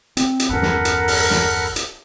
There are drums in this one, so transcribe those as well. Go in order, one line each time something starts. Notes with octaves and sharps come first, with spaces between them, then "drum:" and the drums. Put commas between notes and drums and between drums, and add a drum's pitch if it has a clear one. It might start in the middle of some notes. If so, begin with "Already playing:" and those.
C4, drum: hi-hat
drum: hi-hat
G1 E2 C#4 A4 A#4 F#5 B5
drum: snare
drum: hi-hat
drum: open hi-hat
drum: snare
drum: hi-hat